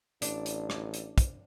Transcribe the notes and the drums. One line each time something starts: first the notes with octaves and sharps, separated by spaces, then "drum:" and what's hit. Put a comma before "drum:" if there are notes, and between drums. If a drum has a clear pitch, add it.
A1 D4, drum: hi-hat
drum: hi-hat
drum: rim click
drum: hi-hat
drum: kick, hi-hat